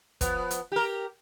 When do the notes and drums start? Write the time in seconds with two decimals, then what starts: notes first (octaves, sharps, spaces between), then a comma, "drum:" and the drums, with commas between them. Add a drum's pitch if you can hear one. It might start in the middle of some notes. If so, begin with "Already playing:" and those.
0.21 F3 B3, drum: kick, hi-hat
0.51 drum: hi-hat
0.72 G4 A#4